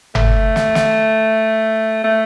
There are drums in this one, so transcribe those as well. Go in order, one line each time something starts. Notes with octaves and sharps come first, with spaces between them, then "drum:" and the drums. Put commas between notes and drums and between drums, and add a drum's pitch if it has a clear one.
A3, drum: tom G1
drum: snare
drum: snare
A3